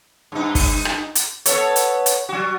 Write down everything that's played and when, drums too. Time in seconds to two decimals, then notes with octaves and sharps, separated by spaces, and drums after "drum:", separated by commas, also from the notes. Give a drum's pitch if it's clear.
0.32 G2 D#4
0.55 drum: kick, open hi-hat
0.85 drum: rim click
1.15 drum: hi-hat
1.46 B3 A4 C#5, drum: hi-hat
1.76 drum: hi-hat
2.06 drum: hi-hat
2.29 F#3 F#4